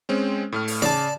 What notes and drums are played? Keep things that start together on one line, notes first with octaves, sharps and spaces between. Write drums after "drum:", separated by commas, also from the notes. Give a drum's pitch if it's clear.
G#3 C4 C#4
A2 A3 F6
drum: open hi-hat
C#3 D5 A5, drum: snare